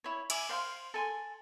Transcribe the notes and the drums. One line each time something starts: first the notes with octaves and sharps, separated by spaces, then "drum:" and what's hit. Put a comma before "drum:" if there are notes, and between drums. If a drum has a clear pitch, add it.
E4 C#5
E5 G#5 D6, drum: cymbal
C5 F5 C6
A4 G#5 C6